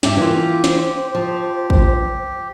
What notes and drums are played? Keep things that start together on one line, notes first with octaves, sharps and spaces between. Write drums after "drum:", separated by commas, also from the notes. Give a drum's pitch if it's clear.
G2 G4 E5, drum: snare
E3 A#3 F4
C5, drum: snare
F3
drum: kick